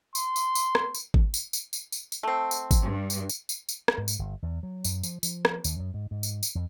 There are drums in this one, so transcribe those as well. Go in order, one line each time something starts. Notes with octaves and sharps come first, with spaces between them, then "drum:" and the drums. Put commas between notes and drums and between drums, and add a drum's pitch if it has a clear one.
C6, drum: tambourine
drum: tambourine
drum: tambourine
drum: rim click
drum: tambourine
drum: kick G#1
drum: tambourine
drum: tambourine
drum: tambourine
drum: tambourine
drum: tambourine
A3 C4
drum: tambourine
drum: kick G#1, tambourine
G2
drum: tambourine
drum: tambourine
drum: tambourine
drum: tambourine
drum: rim click
G#2
drum: tambourine
G1
E2
F#3
F#2, drum: tambourine
F3, drum: tambourine
F3, drum: tambourine
drum: rim click
D#2, drum: tambourine
F#2
G#2
G#2
drum: tambourine
drum: tambourine
F2